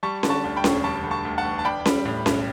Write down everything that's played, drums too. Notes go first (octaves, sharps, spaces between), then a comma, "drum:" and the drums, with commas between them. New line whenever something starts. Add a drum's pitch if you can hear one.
G3 A5 C#6
D3, drum: snare C#4
A5 C#6
D2
G5 B5
E1, drum: snare C#4
G3 A5 C#6
D3
A5 C#6
D2
F#5 A5
E1
A5
D4 G5 B5
G3, drum: snare C#4
A2
B1, drum: snare C#4